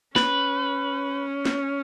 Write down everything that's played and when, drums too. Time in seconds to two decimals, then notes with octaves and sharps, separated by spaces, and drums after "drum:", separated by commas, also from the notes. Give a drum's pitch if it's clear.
0.16 C#4 B4, drum: snare
1.45 drum: snare